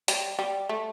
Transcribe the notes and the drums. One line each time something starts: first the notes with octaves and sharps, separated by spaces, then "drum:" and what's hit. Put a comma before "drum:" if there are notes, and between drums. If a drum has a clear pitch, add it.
G3, drum: hi-hat
G3
A3